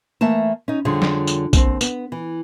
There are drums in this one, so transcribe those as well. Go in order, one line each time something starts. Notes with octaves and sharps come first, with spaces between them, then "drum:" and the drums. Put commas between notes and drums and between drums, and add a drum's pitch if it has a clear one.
E3 A3 A#3 A5
C#4 D#4
F2 D3 G3 F4 G#4 C#5
drum: snare
drum: tambourine
D#2 C4, drum: kick, tambourine
B3, drum: tambourine
E3